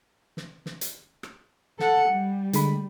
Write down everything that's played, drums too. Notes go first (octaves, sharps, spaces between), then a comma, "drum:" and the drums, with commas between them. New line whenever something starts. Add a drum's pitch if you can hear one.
drum: snare
drum: snare
drum: hi-hat
drum: rim click
A4 F#5, drum: snare
G3
D3 G#3 B5, drum: hi-hat